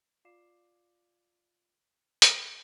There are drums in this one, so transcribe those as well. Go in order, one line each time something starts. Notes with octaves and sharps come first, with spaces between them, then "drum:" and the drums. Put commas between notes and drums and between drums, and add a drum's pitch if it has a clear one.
F4 D5 F5 D6 C7 E7
drum: hi-hat